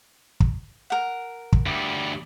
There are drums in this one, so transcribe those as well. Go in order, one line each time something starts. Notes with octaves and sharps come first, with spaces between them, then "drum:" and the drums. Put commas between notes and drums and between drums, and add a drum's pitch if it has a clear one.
drum: kick
A#4 F#5
drum: kick
D2 G3